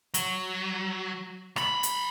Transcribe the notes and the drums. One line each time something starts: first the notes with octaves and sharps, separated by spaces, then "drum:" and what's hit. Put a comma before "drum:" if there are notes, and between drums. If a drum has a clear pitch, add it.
F#3, drum: hi-hat
F#3 B5, drum: rim click
drum: hi-hat